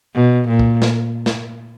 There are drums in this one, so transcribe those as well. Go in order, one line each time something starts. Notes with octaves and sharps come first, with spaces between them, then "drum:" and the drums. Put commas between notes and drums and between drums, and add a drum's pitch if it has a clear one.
B2
A#2
drum: kick
drum: snare
drum: snare